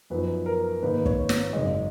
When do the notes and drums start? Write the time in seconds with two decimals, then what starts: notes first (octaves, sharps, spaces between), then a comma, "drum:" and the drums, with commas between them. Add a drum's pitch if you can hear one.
0.10 F#2 F3 B3 D#4 B4
0.46 A#4
0.83 G#2 D#3 A#3 D#4 B4
1.06 C#5, drum: kick
1.29 C#5, drum: snare
1.53 G#1 F#2 C#3 G#3 D#5